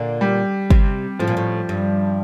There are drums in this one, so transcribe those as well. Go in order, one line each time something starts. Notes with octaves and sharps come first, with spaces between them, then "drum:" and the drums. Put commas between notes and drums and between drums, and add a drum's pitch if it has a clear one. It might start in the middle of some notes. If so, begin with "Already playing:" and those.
Already playing: A#2 D3
G3
C3, drum: kick G1
A2 F3
A#2
A2
G2